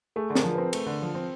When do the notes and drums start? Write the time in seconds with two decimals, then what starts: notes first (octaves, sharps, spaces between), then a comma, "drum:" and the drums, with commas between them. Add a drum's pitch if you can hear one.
0.16 A3 G#4
0.30 D3
0.35 A#4, drum: snare
0.44 F3
0.54 C4 B4
0.73 A3, drum: cymbal
0.86 D3
1.02 F3
1.15 C4